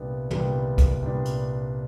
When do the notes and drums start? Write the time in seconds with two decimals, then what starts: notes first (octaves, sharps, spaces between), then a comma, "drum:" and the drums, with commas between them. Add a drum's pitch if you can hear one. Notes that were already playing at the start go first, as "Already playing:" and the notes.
Already playing: C2 A#2 G3 B3 D4
0.30 C2 A#2 G3 B3 D4, drum: tom
0.78 drum: kick, hi-hat
1.02 C2 A#2 G3 B3 D4
1.25 drum: hi-hat